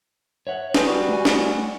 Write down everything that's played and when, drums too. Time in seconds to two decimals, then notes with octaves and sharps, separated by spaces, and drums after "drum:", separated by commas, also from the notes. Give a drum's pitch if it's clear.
0.47 C#5 E5 F#5
0.74 G#4 B4 C5, drum: snare
0.86 G3 F#4
1.09 A3 G#5
1.25 drum: snare